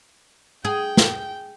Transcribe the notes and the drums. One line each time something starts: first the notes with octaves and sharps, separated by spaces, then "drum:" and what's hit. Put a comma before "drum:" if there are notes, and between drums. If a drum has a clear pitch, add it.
G#4 G5
drum: snare